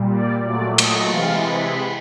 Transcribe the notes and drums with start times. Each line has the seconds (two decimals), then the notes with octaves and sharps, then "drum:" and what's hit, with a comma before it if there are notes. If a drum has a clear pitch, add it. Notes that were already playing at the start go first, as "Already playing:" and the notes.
Already playing: A#2 G3
0.11 D5
0.44 A#2 F#3 A3 D5
0.78 D#5, drum: cymbal
1.11 C3 E3 G#3 F5
1.44 B5